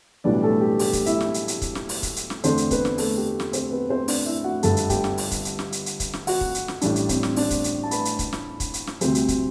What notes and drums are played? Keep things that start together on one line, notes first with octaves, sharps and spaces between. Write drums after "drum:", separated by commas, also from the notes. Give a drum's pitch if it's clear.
B1 A2 E3 G3 B3 D4 D5
A3 A4
G4
G4, drum: open hi-hat
drum: kick, hi-hat
E4 E5, drum: hi-hat
drum: snare
drum: hi-hat
drum: hi-hat
drum: kick, hi-hat
drum: snare
drum: open hi-hat
drum: kick, hi-hat
drum: hi-hat
drum: snare
E2 D3 A3 C4 D4 C5, drum: hi-hat
drum: hi-hat
B3 B4, drum: kick, hi-hat
drum: snare
A3 A4, drum: open hi-hat
G4
drum: snare
C4 C5, drum: hi-hat
B3 B4
C4 C5
D4 D5, drum: open hi-hat
E4 E5
F#4 F#5
G1 G2 D3 A4 A5, drum: hi-hat
drum: hi-hat
G4 G5, drum: kick, hi-hat
drum: snare
drum: open hi-hat
drum: kick, hi-hat
drum: hi-hat
drum: snare
drum: hi-hat
drum: hi-hat
drum: kick, hi-hat
drum: snare
F#4 F#5, drum: open hi-hat
drum: kick
drum: hi-hat
drum: snare
A1 A2 G3 D4 D5, drum: hi-hat
drum: hi-hat
C4 C5, drum: kick, hi-hat
drum: snare
D4 D5, drum: open hi-hat
drum: kick, hi-hat
drum: hi-hat
A5
B4 B5, drum: hi-hat
drum: hi-hat
drum: kick, hi-hat
drum: snare
drum: kick, hi-hat
drum: hi-hat
drum: snare
D2 C3 G3 C4 C5, drum: hi-hat
drum: hi-hat
drum: kick, hi-hat